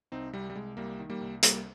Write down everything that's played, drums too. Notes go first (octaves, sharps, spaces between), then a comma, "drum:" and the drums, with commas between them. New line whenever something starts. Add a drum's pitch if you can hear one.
C2 C4 D#4
C2 G3
G3
C2 G#3
C2 G3 A#3
D#3
G3 A#3
C2
C2 G3 A#3, drum: hi-hat